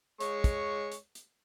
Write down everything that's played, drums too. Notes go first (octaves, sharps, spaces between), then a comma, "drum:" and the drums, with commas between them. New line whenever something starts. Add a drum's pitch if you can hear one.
G#3 C#5 C#6, drum: hi-hat
drum: kick, hi-hat
drum: hi-hat
drum: hi-hat